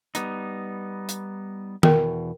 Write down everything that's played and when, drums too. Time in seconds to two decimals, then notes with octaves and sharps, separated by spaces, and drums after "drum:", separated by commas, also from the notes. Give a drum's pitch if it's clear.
0.15 G3 B3 D#4, drum: hi-hat
1.09 drum: hi-hat
1.83 E2 B2 A#4 G5, drum: tom D#3